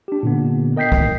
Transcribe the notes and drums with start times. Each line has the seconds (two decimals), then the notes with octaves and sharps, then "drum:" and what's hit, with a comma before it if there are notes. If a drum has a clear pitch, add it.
0.08 D4 G4
0.23 A#2 D3 B3
0.76 A#4 D#5 G5 G6 B6 C7
0.92 drum: kick